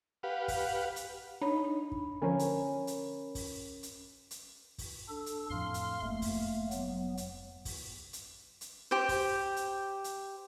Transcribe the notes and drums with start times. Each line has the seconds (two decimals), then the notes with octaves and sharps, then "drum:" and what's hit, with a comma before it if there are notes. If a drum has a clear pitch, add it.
0.23 G4 B4 F5 F#5
0.48 drum: kick, open hi-hat
0.96 drum: hi-hat
1.41 D4 D#4 C#5 B5
1.92 drum: kick
2.22 D3 F3 C#4 A#4 G#5
2.39 drum: hi-hat
2.87 drum: hi-hat
3.35 drum: kick, open hi-hat
3.83 drum: hi-hat
4.31 drum: hi-hat
4.78 drum: kick, open hi-hat
5.08 D4 A4
5.26 drum: hi-hat
5.50 F2 A2 F3 F5 C6 F6
5.74 drum: hi-hat
6.02 F1 F2 G#2 A3 A#3
6.22 drum: kick, open hi-hat
6.71 F#3 B3, drum: hi-hat
7.17 drum: hi-hat
7.65 drum: kick, open hi-hat
8.13 drum: hi-hat
8.61 drum: hi-hat
8.91 G4 C5
9.09 drum: kick, open hi-hat
9.56 drum: hi-hat
10.04 drum: hi-hat